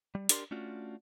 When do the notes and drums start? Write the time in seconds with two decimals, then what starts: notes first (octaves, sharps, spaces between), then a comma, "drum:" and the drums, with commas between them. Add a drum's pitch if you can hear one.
0.15 G3
0.29 D4 G4 A#4 D5 A#5 C6, drum: hi-hat
0.51 A3 C#4 D4 F4 F#4